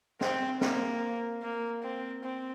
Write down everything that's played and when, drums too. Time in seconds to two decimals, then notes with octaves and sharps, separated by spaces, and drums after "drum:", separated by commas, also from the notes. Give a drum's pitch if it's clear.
0.21 C4, drum: snare
0.61 A#3, drum: snare
1.42 A#3
1.83 C4
2.23 C4